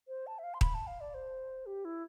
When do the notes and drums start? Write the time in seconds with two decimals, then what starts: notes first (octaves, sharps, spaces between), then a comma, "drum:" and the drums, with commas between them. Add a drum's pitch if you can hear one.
0.08 C5
0.27 A5
0.39 E5
0.43 F5
0.54 C6
0.61 B5, drum: kick D#1
0.74 A5
0.87 F5
1.01 D5
1.14 C5
1.66 G4
1.85 E4